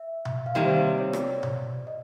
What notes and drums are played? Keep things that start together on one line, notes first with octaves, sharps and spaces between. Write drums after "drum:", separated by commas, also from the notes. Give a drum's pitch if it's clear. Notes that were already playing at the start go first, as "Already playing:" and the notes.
Already playing: E5
drum: tom B2
F5
C3 D#3 G3 A#3 E5
C5
C5
C#5
D5
drum: rim click
drum: tom B2
D#5